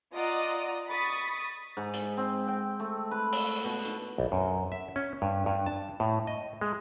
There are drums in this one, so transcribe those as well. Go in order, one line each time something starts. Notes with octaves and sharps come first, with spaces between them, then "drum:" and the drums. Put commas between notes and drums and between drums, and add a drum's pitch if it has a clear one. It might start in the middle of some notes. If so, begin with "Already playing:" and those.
F4 D5 D#5 F#5 A#5 D#6
B5 C#6 D#6 A6 B6
G#2
drum: hi-hat
C4
G5
A3
B4
drum: open hi-hat
B2
drum: hi-hat
B1
F#2
E5
C#4
G2
G2
A5
A2
D#5
G#3